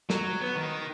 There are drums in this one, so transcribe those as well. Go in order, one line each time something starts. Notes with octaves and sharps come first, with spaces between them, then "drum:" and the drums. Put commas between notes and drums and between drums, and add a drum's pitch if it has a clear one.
F#3, drum: snare
B3
D#3